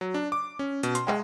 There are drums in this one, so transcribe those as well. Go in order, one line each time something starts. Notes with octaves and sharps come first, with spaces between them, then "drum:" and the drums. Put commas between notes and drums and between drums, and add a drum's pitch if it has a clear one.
F#3
D4
D6
C#4
B2, drum: hi-hat
C6, drum: hi-hat
G#3, drum: clap